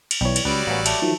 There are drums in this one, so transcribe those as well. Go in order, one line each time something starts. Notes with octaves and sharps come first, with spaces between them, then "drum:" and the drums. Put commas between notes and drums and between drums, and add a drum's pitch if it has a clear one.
drum: cymbal
B1 E3 G3 C#5
drum: cymbal
C#2 F#3 G3 B4 D5 D6
A1 A#3 B3 C#4
A3, drum: cymbal
D#3 F3 F#3